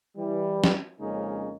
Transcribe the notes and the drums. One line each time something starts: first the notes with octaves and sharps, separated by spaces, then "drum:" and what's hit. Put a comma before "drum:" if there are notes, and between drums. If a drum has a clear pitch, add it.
E3 G3
drum: snare
F2 C#3 G#3 A#3 C#4 D#4